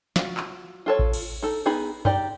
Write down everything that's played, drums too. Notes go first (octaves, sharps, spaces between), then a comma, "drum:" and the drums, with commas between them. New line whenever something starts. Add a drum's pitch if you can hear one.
F4 F#4, drum: snare
drum: clap
F4 A4 C#5
drum: kick A1
drum: cymbal
D#4 A4
B3 D#4 G#4 B5
D#4 G4 D5, drum: tom F#2